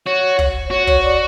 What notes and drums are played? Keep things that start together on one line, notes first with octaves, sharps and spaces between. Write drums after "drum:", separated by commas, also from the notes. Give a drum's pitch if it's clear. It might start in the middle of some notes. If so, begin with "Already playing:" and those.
F#4 C#5
drum: kick
F#4 C#5
C#5, drum: kick
D5